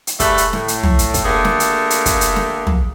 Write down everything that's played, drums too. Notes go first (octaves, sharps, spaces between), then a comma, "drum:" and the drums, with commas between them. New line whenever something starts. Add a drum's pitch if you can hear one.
drum: hi-hat
G#2 G3 A3 A4 B4, drum: kick, hi-hat
drum: hi-hat
A2, drum: snare
drum: hi-hat
drum: tom
drum: hi-hat
drum: kick, hi-hat
D3 A3 A#3 G4 G#4
drum: snare
drum: hi-hat
drum: hi-hat
drum: kick, hi-hat
drum: hi-hat
drum: snare
drum: tom